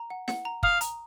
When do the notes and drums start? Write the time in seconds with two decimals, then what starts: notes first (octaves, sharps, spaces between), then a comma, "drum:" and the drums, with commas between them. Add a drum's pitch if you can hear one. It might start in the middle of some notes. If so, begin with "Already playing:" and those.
Already playing: A#5
0.10 F#5
0.28 F#5, drum: snare
0.45 A#5
0.63 F5 D#6, drum: kick
0.81 A#5, drum: hi-hat